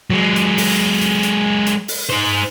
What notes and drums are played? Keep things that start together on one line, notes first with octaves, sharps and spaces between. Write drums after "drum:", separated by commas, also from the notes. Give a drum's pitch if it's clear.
F#3 G#3
drum: hi-hat
drum: open hi-hat
drum: hi-hat
drum: hi-hat
drum: hi-hat
drum: open hi-hat
D#4 C5